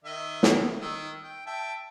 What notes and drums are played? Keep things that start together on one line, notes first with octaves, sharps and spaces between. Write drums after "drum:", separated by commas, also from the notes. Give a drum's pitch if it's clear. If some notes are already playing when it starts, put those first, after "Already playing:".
D#3 D#5 E5
drum: snare
D#3 E6
G5
E5 G5 A5